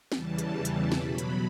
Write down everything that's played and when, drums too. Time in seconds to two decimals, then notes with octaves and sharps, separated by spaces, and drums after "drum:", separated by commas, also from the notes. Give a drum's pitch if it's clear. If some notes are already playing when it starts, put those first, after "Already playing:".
0.12 E2 C#3 E3 G3 A5, drum: snare
0.38 drum: hi-hat
0.65 drum: hi-hat
0.92 B2 F#3 B5, drum: snare
1.18 drum: hi-hat